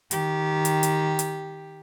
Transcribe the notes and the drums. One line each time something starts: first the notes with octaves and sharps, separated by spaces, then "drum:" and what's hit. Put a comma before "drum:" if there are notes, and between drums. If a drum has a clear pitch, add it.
D#3 G4, drum: hi-hat
drum: hi-hat
drum: hi-hat
drum: hi-hat